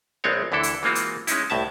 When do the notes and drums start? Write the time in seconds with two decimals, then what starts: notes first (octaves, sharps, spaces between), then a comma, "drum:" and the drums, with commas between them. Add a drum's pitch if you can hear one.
0.24 A#1 G#3 B3 C4 C#5
0.52 D2 D3 E3 E4 A4
0.63 drum: hi-hat
0.83 E3 G#3 A#3 C4 F4 F#4
0.95 drum: hi-hat
1.27 G#3 C#4 D#4 E4, drum: hi-hat
1.50 C2 A2 E5 A5